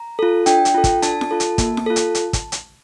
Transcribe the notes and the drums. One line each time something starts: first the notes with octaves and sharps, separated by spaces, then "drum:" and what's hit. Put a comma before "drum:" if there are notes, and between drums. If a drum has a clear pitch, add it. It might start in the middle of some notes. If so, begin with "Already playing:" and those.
Already playing: A#5
F4 A4
D4 G5, drum: hi-hat
drum: hi-hat
F4 A4
drum: kick, hi-hat
D4 A5, drum: hi-hat
drum: snare F4
F4 A4
drum: hi-hat
A#3, drum: kick, hi-hat
drum: snare F4
F4 A4
drum: hi-hat
drum: hi-hat
drum: kick, hi-hat
drum: hi-hat